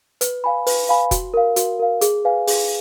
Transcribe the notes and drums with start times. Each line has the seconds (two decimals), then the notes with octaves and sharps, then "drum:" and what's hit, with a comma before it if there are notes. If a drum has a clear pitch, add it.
0.21 B4, drum: hi-hat
0.44 F5 G#5 B5
0.66 B4, drum: open hi-hat
0.89 F5 G#5 B5
1.11 F#4, drum: kick F1, hi-hat
1.34 A#4 F5
1.56 F#4, drum: hi-hat
1.79 A#4 F5
2.01 G#4, drum: hi-hat
2.25 B4 F5 G#5
2.47 G#4, drum: open hi-hat